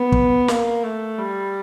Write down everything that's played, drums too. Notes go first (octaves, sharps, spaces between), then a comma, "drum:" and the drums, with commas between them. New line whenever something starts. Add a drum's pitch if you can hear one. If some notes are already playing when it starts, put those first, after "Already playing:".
Already playing: B3
drum: kick
A#3, drum: snare
A3
G3